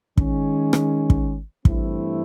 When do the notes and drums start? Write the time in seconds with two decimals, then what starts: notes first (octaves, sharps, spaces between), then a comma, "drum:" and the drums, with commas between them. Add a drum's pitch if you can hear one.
0.17 D#3 G#3 C#4, drum: kick
0.73 drum: rim click
1.10 drum: kick
1.65 G2 E3 A3 C4 E4, drum: kick